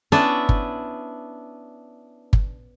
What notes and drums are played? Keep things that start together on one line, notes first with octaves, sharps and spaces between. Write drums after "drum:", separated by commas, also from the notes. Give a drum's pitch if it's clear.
B3 C#4 D4 E4 B4 E5
drum: kick G1
drum: kick G1